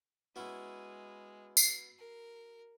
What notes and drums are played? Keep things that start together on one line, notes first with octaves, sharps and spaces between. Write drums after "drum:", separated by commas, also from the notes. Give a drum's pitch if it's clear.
G#3 B3 C#4 E4 F#4 B5 E6
drum: tambourine
A#4